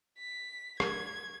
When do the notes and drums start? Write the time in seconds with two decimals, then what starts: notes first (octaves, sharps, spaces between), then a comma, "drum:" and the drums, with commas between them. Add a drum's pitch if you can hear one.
0.19 B6
0.80 G#6, drum: rim click